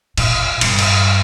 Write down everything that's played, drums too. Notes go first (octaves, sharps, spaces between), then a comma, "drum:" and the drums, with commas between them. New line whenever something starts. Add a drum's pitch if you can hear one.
A#2, drum: cymbal
G2, drum: cymbal
drum: cymbal